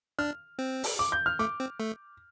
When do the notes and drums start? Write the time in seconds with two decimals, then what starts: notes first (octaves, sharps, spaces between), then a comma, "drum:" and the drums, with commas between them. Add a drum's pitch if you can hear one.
0.19 D4 F6
0.59 C4
0.84 drum: open hi-hat
0.99 D6
1.12 G6
1.26 F6
1.39 A3 D6
1.60 C4
1.80 A3